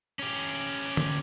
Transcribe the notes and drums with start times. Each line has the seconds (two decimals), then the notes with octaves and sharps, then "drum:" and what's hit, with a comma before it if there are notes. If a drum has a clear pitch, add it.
0.19 C#4 G4
0.97 drum: tom D3